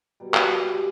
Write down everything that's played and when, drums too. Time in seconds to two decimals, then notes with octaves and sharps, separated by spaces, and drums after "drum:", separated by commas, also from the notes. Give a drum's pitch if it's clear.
0.20 B2 F#3 G3
0.34 drum: clap
0.47 G3
0.75 G#3